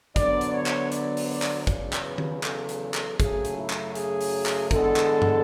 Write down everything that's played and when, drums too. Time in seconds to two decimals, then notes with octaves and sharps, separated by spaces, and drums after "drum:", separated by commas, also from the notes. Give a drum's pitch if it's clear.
0.16 D2 D3 F#3 B3 D5, drum: kick, hi-hat
0.41 drum: hi-hat
0.54 C#5
0.66 drum: clap
0.92 D5, drum: hi-hat
1.17 drum: open hi-hat
1.30 D5
1.42 drum: clap
1.67 E2 C#3 F#3 D5, drum: kick, hi-hat
1.93 drum: clap
2.05 B4
2.18 drum: tom D#3
2.43 A4, drum: clap
2.69 drum: hi-hat
2.94 drum: clap
3.20 F#2 C#3 F#3 A3 G#4, drum: kick, hi-hat
3.45 drum: hi-hat
3.57 E4
3.70 drum: clap
3.95 G#4, drum: hi-hat
4.21 drum: open hi-hat
4.46 drum: clap
4.71 E2 D3 G#3 B3 A4, drum: kick, hi-hat
4.96 drum: clap
5.22 drum: tom